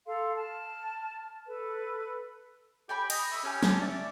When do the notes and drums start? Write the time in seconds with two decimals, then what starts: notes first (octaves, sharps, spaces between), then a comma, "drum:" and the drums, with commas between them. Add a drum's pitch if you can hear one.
0.07 A4 F5 C6
0.37 A5 F6
1.47 A4 B4
2.89 G4 G5 G#5 B5
3.10 D#5, drum: cymbal
3.31 E5 B5 C#6 D#6
3.43 C#4 G4 G#5 F6 G6
3.63 A5, drum: snare
3.81 D5 E5